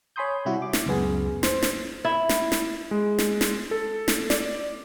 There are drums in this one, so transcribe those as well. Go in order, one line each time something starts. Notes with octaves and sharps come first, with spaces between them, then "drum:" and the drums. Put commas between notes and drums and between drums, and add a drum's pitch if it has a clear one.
C#5 G#5 B5 C6 D#6 G6
C3 G3 E4 F#4
D6
drum: snare
C#2 F#2 B3 G#4
C5, drum: snare
drum: snare
E4
drum: snare
drum: snare
G#3
drum: snare
drum: snare
A4
drum: snare
D5, drum: snare